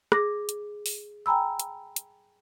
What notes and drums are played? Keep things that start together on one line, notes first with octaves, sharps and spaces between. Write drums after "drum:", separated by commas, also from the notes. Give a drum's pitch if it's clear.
G#4 D6 A#6, drum: rim click
drum: hi-hat
drum: open hi-hat
G5 G#5 A#5 B5 E6
drum: hi-hat
drum: hi-hat